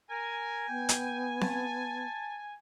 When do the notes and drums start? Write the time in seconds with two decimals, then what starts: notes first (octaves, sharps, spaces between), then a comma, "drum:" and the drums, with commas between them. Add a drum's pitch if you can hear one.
0.11 A#4 G#5
0.69 B3 G5
0.89 drum: hi-hat
1.41 A5, drum: snare C4